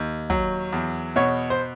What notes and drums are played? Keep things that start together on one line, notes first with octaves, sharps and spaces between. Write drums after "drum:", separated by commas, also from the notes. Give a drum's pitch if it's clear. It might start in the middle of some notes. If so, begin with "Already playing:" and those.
Already playing: D#2
F#3, drum: kick
E2, drum: open hi-hat
B2 C#5
drum: hi-hat
C5